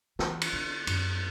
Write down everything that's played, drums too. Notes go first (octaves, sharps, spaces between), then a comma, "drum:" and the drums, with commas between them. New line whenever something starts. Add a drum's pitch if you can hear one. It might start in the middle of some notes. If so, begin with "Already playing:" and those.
E3, drum: snare
drum: cymbal
D3
F#2, drum: cymbal